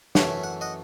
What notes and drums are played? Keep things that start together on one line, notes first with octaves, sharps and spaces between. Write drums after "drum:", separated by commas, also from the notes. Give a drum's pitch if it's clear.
F#2 E3 A3 C#4 C#5 E5, drum: snare
F#5
D#5 F#5